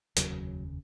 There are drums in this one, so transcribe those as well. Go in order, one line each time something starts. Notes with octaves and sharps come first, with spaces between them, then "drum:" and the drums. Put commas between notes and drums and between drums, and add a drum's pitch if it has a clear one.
F1 D#2 C#3 F#3, drum: hi-hat